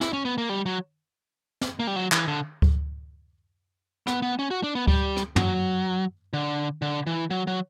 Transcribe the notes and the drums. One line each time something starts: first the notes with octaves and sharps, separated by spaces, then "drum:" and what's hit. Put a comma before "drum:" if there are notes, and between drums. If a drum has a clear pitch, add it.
E4, drum: snare
C#4
B3
A#3
G3
F#3
drum: snare
A#3
G3
F#3
E3, drum: clap
D3
drum: kick D2
B3, drum: rim click
B3
C#4
F#4
D4
B3
G3, drum: kick D2
drum: rim click
F#3, drum: tom
D3
D3
E3
F#3
F#3